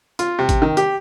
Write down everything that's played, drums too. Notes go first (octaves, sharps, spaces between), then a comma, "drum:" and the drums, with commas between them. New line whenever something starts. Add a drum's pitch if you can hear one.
F4, drum: hi-hat
C3
drum: kick G#1, hi-hat
D#3
G4, drum: hi-hat